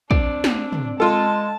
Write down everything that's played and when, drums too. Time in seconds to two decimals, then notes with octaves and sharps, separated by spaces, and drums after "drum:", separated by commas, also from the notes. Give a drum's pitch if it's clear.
0.11 C4 D4 D5, drum: kick
0.44 drum: snare
0.72 drum: tom
1.00 G#3 F4 A4 A5